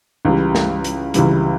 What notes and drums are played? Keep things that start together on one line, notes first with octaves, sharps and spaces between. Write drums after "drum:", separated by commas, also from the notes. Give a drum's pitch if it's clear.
C#2 C#3 E3 G3
drum: snare
drum: hi-hat
C#2 C#3 E3 G3, drum: hi-hat